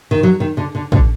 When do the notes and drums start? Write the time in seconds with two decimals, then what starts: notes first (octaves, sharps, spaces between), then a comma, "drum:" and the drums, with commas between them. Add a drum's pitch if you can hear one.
0.11 D#3
0.23 F#3
0.40 D#3
0.57 D3
0.75 D3
0.92 D3, drum: kick